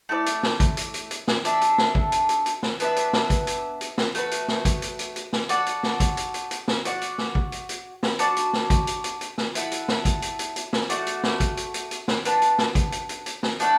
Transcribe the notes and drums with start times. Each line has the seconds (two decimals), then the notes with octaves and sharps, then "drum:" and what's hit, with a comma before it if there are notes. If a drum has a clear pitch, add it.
0.09 A3 E4 A4 D5
0.26 drum: hi-hat
0.43 drum: snare
0.60 drum: kick, hi-hat
0.77 drum: hi-hat
0.94 drum: hi-hat
1.11 drum: hi-hat
1.28 drum: snare
1.45 D4 A4 E5, drum: hi-hat
1.61 drum: hi-hat
1.78 drum: snare
1.95 drum: kick
2.12 drum: hi-hat
2.29 drum: hi-hat
2.46 drum: hi-hat
2.63 drum: snare
2.80 B3 D4 B4 E5, drum: hi-hat
2.96 drum: hi-hat
3.13 drum: snare
3.30 drum: kick, hi-hat
3.47 drum: hi-hat
3.81 drum: hi-hat
3.98 drum: snare
4.15 A3 F#4 B4, drum: hi-hat
4.31 drum: hi-hat
4.48 drum: snare
4.65 drum: kick, hi-hat
4.82 drum: hi-hat
4.99 drum: hi-hat
5.16 drum: hi-hat
5.33 drum: snare
5.49 F#4 A4 D5 F#5, drum: hi-hat
5.66 drum: hi-hat
5.83 drum: snare
6.00 drum: kick, hi-hat
6.17 drum: hi-hat
6.34 drum: hi-hat
6.51 drum: hi-hat
6.68 drum: snare
6.85 F#4 D5 F#5, drum: hi-hat
7.01 drum: hi-hat
7.18 drum: snare
7.35 drum: kick
7.52 drum: hi-hat
7.69 drum: hi-hat
8.03 drum: snare
8.19 D4 F#4 D5 A5, drum: hi-hat
8.36 drum: hi-hat
8.53 drum: snare
8.70 drum: kick, hi-hat
8.87 drum: hi-hat
9.04 drum: hi-hat
9.21 drum: hi-hat
9.38 drum: snare
9.55 E4 A4 F#5, drum: hi-hat
9.71 drum: hi-hat
9.88 drum: snare
10.05 drum: kick, hi-hat
10.22 drum: hi-hat
10.39 drum: hi-hat
10.56 drum: hi-hat
10.73 drum: snare
10.90 A3 F#4 D5 F#5, drum: hi-hat
11.07 drum: hi-hat
11.23 drum: snare
11.40 drum: kick, hi-hat
11.57 drum: hi-hat
11.74 drum: hi-hat
11.91 drum: hi-hat
12.08 drum: snare
12.25 D4 B4 F#5 A5, drum: hi-hat
12.42 drum: hi-hat
12.58 drum: snare
12.75 drum: kick, hi-hat
12.92 drum: hi-hat
13.09 drum: hi-hat
13.26 drum: hi-hat
13.43 drum: snare
13.60 A3 D4 A4 F#5, drum: hi-hat